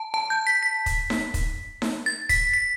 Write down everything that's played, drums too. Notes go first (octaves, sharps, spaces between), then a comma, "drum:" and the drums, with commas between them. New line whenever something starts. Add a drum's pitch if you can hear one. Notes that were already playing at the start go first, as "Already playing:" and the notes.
Already playing: A5
A5
G6
B6
B6
drum: kick, hi-hat
drum: snare D#4
drum: kick, hi-hat
drum: snare D#4
A6
B6, drum: kick, hi-hat
B6